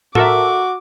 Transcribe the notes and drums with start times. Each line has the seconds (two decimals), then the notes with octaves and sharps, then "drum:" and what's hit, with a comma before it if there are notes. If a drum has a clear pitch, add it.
0.15 F#4 A4 A#4 E5 D6, drum: tom A2